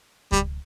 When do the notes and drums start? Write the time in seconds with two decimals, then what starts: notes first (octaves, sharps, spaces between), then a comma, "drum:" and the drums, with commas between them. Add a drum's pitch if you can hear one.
0.32 G3, drum: kick C#2